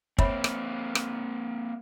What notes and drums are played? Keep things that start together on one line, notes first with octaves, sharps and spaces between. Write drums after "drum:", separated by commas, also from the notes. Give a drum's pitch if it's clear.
A#3 C4 C#5 E5 B5, drum: kick
drum: rim click
drum: rim click